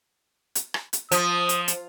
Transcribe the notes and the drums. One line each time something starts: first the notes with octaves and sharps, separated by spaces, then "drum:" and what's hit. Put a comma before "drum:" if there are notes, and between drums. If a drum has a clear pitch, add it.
drum: hi-hat
drum: rim click
drum: hi-hat
F3 D#6, drum: hi-hat
drum: hi-hat
drum: hi-hat